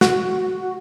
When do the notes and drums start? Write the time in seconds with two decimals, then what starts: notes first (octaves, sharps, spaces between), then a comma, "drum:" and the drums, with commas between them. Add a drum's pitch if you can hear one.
0.01 F#4, drum: snare